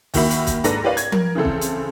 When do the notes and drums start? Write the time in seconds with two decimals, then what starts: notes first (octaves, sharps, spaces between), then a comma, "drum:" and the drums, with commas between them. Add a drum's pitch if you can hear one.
0.14 D#2 D#3 F#4 E5 B5, drum: kick, open hi-hat
0.30 drum: hi-hat
0.47 drum: kick, hi-hat
0.64 G#2 D4 A4 B4 A#5 A#6, drum: hi-hat
0.83 G4 A#4 B4 C#5 D5 F5
0.97 G#6, drum: hi-hat
1.12 A#4, drum: tom F3
1.35 C#3 E3 C4 A4
1.45 drum: kick
1.61 drum: hi-hat